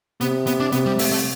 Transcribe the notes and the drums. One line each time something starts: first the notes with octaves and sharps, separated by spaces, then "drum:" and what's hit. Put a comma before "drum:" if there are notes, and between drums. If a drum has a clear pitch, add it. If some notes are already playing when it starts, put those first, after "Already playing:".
C3 B3, drum: hi-hat
B3, drum: hi-hat
D4
C3 B3, drum: hi-hat
G3
A3, drum: open hi-hat
A3